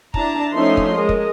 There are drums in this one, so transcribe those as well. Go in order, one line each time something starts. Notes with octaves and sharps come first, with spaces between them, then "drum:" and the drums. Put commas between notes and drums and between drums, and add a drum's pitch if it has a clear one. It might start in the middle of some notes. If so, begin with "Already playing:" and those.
D4 E4 A5 A#5, drum: kick
F3 A3 C#4 D#4 E5 C6
drum: kick
G#3 A#4 D#5
drum: kick